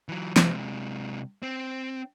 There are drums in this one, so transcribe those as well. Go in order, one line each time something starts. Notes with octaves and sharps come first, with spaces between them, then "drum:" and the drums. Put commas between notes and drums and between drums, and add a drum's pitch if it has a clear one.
E3 F#3
C3 G#3, drum: snare
C4